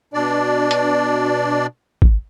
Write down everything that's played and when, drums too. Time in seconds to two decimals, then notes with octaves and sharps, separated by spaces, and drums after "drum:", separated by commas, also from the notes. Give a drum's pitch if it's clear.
0.14 B2 D4 D5
0.71 drum: hi-hat
2.02 drum: kick G#1